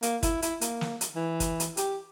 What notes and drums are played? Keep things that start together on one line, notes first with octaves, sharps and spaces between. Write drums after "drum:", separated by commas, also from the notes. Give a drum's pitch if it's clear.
A#3, drum: hi-hat
E4, drum: kick, hi-hat
E4, drum: hi-hat
A#3, drum: hi-hat
drum: snare
drum: hi-hat
E3
drum: kick, hi-hat
drum: hi-hat
G4, drum: hi-hat